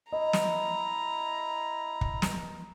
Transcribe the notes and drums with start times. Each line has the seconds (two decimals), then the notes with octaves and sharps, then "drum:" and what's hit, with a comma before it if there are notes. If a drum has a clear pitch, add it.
0.12 E4 D#5 A#5
0.33 drum: snare
2.01 drum: kick
2.22 drum: snare